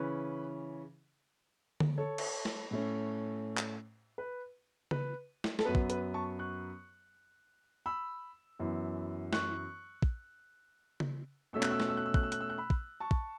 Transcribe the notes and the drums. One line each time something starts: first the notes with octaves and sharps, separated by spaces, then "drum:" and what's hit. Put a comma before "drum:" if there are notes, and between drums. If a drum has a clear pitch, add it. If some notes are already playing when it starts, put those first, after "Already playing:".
Already playing: C#3 E3 C#4 B4
drum: tom D3
A4 C#5
drum: cymbal
drum: snare
A2 A3 C#4
drum: clap
B4
B4, drum: tom C#3
drum: snare
A4, drum: snare
F#2 F#3 B3 B4
drum: kick
B4, drum: hi-hat
A5 C#6
C#6 F#6
B5 E6
F#2 E3 B3
C#6 F#6, drum: snare
drum: kick
drum: tom C#3
B2 A3 C#4 E6
F#6, drum: clap
E6
F#6, drum: snare
E6
F#6
E6
F#6, drum: kick
E6
F#6, drum: hi-hat
E6
F#6
B5 E6
drum: kick
A5 C#6
drum: kick